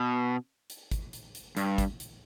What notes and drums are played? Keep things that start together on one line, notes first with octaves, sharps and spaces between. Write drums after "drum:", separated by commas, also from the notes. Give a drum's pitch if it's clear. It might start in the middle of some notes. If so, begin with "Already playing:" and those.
Already playing: B2
drum: hi-hat
drum: kick, hi-hat
drum: hi-hat
drum: hi-hat
G2, drum: hi-hat
drum: kick, hi-hat
drum: hi-hat